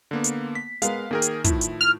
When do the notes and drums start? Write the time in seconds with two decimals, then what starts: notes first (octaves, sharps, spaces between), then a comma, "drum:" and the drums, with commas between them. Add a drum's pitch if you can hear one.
0.11 D3 A#3 B3
0.24 drum: hi-hat
0.55 B6
0.82 G#3 B3 A#4 F5, drum: hi-hat
1.11 D#3 A#3 G#4 A#4 G5
1.22 drum: hi-hat
1.44 A2 D#3 F3 E4, drum: kick, hi-hat
1.61 drum: hi-hat
1.81 F6